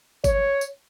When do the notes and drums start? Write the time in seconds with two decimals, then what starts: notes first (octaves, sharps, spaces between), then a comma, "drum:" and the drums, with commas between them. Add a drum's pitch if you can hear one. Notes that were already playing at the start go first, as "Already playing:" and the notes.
0.24 C#5, drum: kick, tambourine
0.61 drum: tambourine